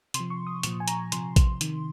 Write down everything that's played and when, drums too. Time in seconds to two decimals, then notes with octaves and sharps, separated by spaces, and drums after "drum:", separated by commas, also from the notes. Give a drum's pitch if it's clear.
0.14 C3 C6, drum: hi-hat
0.20 F3
0.30 C#6
0.47 D#6
0.63 A#2 F3 C#6, drum: hi-hat
0.80 G#5
0.88 A#5, drum: hi-hat
1.12 C3 F3 C6, drum: hi-hat
1.36 drum: kick A#1, hi-hat
1.61 C3 D#3, drum: hi-hat